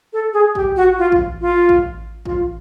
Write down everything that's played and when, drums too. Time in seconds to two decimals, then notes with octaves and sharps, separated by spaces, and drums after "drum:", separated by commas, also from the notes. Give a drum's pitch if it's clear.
0.13 A4
0.33 G#4
0.55 G4, drum: kick A1
0.76 F#4
0.98 F4
1.12 drum: kick A1
1.41 F4
1.69 drum: kick A1
2.25 F4, drum: kick A1